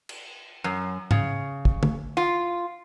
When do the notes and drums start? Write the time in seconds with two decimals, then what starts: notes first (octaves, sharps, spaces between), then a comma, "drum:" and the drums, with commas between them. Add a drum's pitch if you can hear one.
0.09 drum: cymbal
0.64 F#2
1.11 C#3, drum: tom G#2
1.65 drum: kick
1.83 drum: tom
2.17 F4